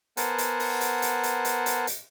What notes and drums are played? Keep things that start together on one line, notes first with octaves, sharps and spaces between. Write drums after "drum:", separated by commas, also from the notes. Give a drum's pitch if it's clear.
B3 A#4 C5 F#5 G#5 A5, drum: hi-hat
drum: hi-hat
drum: open hi-hat
drum: hi-hat
drum: hi-hat
drum: hi-hat
drum: hi-hat
drum: hi-hat
drum: hi-hat